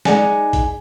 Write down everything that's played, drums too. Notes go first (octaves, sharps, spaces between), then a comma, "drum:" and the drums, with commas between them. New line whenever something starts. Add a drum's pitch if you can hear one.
G#3 D#4 G#4 D5 F#5 G#5, drum: snare
drum: kick A1, hi-hat